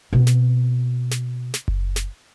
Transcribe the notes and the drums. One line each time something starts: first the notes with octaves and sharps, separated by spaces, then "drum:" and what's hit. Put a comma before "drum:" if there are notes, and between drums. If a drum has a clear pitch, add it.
B2 C4
drum: snare
drum: snare
drum: snare
drum: kick F#1
drum: snare